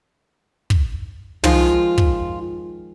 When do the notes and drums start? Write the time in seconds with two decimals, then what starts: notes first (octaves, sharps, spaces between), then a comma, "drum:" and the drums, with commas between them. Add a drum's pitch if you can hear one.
0.70 drum: kick
1.44 D#3 F3 G#3 F4, drum: tom
1.98 drum: kick